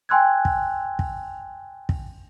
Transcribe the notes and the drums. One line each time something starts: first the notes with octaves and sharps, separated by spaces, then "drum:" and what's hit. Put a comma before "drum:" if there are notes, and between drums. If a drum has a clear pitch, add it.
G5 G#5 C6 E6 F#6 G#6
drum: kick
drum: kick
drum: kick